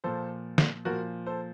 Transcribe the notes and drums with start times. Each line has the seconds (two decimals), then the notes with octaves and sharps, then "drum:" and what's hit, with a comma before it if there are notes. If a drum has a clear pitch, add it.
0.04 A#2 F3 A4 C5
0.58 drum: snare
0.85 A#2 F3 F#4 A#4
1.26 A4 C5